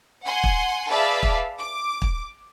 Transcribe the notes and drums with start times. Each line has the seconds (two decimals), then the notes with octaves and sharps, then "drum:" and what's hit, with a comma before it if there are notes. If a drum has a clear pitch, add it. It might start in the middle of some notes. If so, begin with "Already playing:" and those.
0.24 F#5 G#5 C6
0.44 drum: kick
0.88 G#4 B4 D5 E5 F5 A5
1.23 drum: kick
1.59 D6
2.02 drum: kick